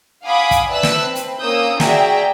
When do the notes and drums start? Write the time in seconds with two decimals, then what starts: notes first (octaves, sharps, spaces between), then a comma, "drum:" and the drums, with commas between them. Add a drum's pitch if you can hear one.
0.24 F5 F#5 G#5 B5 D6 D#6
0.51 drum: kick, hi-hat
0.70 B4 D5 E5 A5 E6 F#6
0.83 drum: snare
0.98 C4 B4
1.15 drum: hi-hat
1.40 A#3 C#4 D#6 E6 G6
1.80 F#4 G#4 D5 E5 G5 A#5, drum: snare